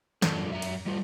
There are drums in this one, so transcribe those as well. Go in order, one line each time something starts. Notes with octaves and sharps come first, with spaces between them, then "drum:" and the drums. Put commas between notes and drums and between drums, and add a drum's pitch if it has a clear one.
F#2 A#2 D4 F4 A4, drum: snare
F#2 E5 A#5
drum: cymbal
G3 A3 F4